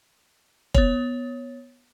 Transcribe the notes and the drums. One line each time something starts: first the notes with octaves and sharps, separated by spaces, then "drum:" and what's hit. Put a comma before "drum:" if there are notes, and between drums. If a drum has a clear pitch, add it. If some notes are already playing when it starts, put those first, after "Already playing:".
B3 C#5, drum: kick